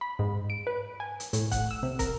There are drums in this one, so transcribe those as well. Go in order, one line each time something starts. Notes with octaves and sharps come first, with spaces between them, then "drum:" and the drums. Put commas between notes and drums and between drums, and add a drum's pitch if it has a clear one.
B5
G#2
D7
B4
G#5
drum: hi-hat
A2, drum: hi-hat
F#5, drum: kick, hi-hat
E6
C3
A#4, drum: kick, hi-hat